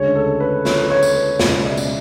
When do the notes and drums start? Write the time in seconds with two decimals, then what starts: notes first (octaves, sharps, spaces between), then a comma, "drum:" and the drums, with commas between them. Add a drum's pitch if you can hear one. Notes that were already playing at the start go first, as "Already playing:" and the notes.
Already playing: D2 C#3 G#3 C#5
0.16 A4
0.40 B4
0.65 C#5, drum: snare
0.90 C#5
1.03 drum: tambourine
1.15 B4
1.39 C#2 B2 G#3 D5, drum: snare
1.65 E5
1.77 drum: tambourine